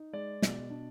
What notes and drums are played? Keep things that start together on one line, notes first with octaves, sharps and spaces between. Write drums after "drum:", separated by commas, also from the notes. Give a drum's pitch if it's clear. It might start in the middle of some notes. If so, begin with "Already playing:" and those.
Already playing: D#4
G#3 D5
B2, drum: snare
D4